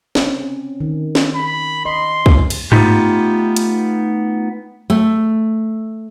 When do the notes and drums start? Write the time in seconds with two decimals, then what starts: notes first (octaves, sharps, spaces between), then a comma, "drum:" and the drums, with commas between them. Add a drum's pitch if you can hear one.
0.15 C4 C#4, drum: snare
0.80 D#3
1.15 drum: snare
1.35 B5
1.85 D#5 C6
2.26 drum: kick
2.50 drum: cymbal
2.72 A3 B3 D#4 F4 G4, drum: tom G#2
3.57 drum: hi-hat
4.90 A3